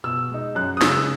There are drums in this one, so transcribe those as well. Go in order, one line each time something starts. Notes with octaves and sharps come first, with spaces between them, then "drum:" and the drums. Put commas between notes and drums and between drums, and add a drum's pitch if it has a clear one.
B2 E6
G#3 D#4
F#2 F#6
D#6
C#3 G#3 E6, drum: snare